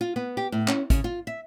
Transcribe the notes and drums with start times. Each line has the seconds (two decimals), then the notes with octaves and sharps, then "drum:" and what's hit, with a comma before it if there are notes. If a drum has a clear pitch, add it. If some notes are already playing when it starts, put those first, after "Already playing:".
0.01 F4
0.16 B3
0.37 G4
0.52 A2
0.68 C#4, drum: clap
0.90 C#3, drum: kick, hi-hat
1.04 F4
1.27 E5